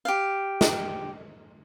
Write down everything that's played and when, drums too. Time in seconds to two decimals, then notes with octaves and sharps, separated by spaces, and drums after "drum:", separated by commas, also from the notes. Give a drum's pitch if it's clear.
0.05 G4 F5
0.61 drum: snare